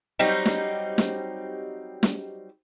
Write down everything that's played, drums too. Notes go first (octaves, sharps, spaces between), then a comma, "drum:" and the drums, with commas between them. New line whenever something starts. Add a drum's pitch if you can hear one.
F#3 G3 C4 D#4
drum: snare
drum: snare
drum: snare